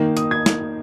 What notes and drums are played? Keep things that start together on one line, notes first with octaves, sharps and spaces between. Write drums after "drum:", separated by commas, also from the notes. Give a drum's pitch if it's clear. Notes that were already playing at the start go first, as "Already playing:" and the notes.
Already playing: D#3 A#3 D#4
D#6, drum: hi-hat
G#6
drum: snare